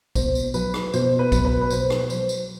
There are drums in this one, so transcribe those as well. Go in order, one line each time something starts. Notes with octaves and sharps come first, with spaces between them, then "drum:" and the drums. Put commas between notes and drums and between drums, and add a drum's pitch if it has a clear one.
B2 C5, drum: kick B1, tambourine
drum: tambourine
F#3 B4, drum: tambourine
drum: rim click
B2 C5, drum: tambourine
B4
F#3, drum: kick B1, tambourine
B4
B4
B2 C5, drum: tambourine
drum: rim click
F#3 C5, drum: tambourine
drum: tambourine